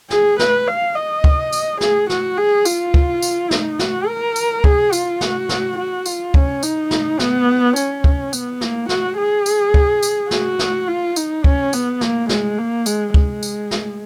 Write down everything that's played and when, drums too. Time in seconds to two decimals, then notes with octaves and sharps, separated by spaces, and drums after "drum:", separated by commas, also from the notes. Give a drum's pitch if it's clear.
0.10 G#4, drum: snare
0.39 B4, drum: snare
0.67 F5
0.95 D#5
1.24 drum: kick
1.52 drum: tambourine
1.81 G#4, drum: snare
2.09 F#4, drum: snare
2.38 G#4
2.65 F4, drum: tambourine
2.94 drum: kick
3.22 drum: tambourine
3.51 D#4, drum: snare
3.79 F#4, drum: snare
4.08 A#4
4.36 drum: tambourine
4.64 G#4, drum: kick
4.93 F4, drum: tambourine
5.21 F#4, drum: snare
5.49 drum: snare
5.77 F#4
6.06 F4, drum: tambourine
6.34 C#4, drum: kick
6.63 D#4, drum: tambourine
6.91 drum: snare
7.19 B3, drum: snare
7.76 C#4, drum: tambourine
8.04 drum: kick
8.33 B3, drum: tambourine
8.61 A#3, drum: snare
8.89 F#4, drum: snare
9.17 G#4
9.46 drum: tambourine
9.74 drum: kick
10.03 drum: tambourine
10.31 F#4, drum: snare
10.59 drum: snare
10.87 F4
11.16 D#4, drum: tambourine
11.44 C#4, drum: kick
11.73 B3, drum: tambourine
12.01 A#3, drum: snare
12.29 G#3, drum: snare
12.58 A#3
12.86 G#3, drum: tambourine
13.14 G#3, drum: kick
13.43 drum: tambourine
13.71 drum: snare